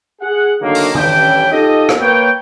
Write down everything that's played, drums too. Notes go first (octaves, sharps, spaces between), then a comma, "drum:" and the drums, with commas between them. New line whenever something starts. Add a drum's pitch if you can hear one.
G#4 F#5
D3 D#3 F#3 A3 A#3
drum: open hi-hat
A1 G2 E3 C#4 E4 G5, drum: tom
D#4 F4 G4 A4 D#5
drum: rim click
A#3 B4 C#5 G5